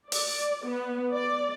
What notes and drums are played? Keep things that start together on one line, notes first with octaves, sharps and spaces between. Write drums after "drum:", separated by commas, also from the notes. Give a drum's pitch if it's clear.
D5, drum: open hi-hat
B3
D5